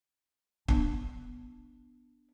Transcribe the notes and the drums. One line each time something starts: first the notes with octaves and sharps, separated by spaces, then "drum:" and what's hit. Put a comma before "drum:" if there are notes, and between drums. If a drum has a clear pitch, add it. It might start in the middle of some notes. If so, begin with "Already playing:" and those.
B3 D4, drum: kick